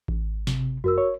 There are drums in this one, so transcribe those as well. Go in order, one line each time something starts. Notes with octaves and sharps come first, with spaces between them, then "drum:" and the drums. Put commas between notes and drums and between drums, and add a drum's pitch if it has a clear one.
drum: kick A1
C3, drum: snare
F#2 F#4 A#4 E6
C#5